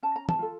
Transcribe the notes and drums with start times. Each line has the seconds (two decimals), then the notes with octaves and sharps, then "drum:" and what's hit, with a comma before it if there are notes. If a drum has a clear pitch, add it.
0.03 C#4 A5
0.16 A#5
0.29 A5, drum: tom
0.39 F4 A4